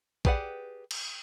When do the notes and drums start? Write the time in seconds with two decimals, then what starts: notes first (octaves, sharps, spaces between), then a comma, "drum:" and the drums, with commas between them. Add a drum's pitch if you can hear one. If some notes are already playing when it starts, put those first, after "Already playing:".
0.25 G4 G#4 B4 D5 F#5, drum: kick
0.91 drum: cymbal